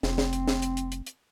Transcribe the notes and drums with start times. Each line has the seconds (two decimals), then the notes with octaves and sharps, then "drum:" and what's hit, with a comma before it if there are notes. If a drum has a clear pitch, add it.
0.03 F1 C4, drum: snare
0.18 drum: snare
0.33 drum: hi-hat
0.48 drum: snare
0.62 drum: hi-hat
0.77 drum: hi-hat
0.92 drum: hi-hat
1.07 drum: hi-hat